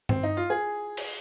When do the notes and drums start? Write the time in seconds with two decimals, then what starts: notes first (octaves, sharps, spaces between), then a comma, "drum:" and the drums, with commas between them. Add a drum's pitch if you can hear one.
0.09 C4, drum: tom G2
0.23 D#4
0.37 F4
0.50 G#4
0.97 drum: cymbal